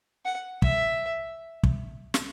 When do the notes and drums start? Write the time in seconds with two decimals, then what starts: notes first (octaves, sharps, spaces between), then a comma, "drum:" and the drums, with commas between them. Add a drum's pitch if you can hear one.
0.25 F#5
0.62 E5, drum: kick
1.63 drum: kick
2.14 drum: snare